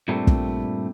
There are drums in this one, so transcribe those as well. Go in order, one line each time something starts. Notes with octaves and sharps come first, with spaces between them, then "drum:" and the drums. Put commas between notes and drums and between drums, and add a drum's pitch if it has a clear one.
G2 A#2 G3 A3 C4 D4
drum: kick